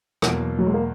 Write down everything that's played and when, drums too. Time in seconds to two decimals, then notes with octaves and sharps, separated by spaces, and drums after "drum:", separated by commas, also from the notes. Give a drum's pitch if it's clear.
0.22 E2 B2 F#3 A#3, drum: rim click
0.59 F#3
0.67 G#3
0.74 A#3